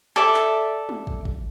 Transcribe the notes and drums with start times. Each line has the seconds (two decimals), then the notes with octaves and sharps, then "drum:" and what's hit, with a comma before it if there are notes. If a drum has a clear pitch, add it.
0.16 A4 D5 E5
0.34 drum: clap
0.89 drum: tom G#3
1.07 drum: kick
1.25 drum: kick